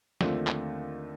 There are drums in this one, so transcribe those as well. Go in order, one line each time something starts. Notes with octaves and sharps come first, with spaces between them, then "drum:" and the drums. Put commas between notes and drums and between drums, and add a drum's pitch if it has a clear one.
D#2 D3 F3 A3 C4, drum: snare
drum: clap